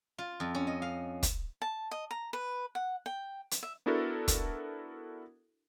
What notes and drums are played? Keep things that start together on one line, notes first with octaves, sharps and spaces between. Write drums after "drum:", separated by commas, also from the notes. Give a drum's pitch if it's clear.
F4
F2
C#4
D#5
F5
drum: kick, hi-hat
A5
D#5
A#5
B4
F#5
G5
drum: hi-hat
E5
B3 D4 E4 F#4 A4 A#4
drum: kick, hi-hat